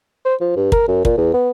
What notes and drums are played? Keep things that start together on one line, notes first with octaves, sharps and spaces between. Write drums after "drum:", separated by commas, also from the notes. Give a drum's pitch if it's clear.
C5
F3
G2
A#4, drum: kick
F#2
A#2, drum: kick
E2
B3